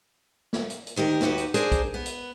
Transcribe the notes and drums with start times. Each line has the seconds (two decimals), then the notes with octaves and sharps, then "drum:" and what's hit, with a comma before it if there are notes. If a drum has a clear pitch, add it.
0.53 drum: snare
0.70 drum: hi-hat
0.87 drum: hi-hat
0.96 D2 D#3 G4 A#4
1.21 D#2 D#3 F#4 G4 B4, drum: snare
1.38 drum: hi-hat
1.54 D4 G#4 A#4 C5 D5, drum: hi-hat
1.72 drum: kick A#1, hi-hat
1.94 B3
2.06 drum: hi-hat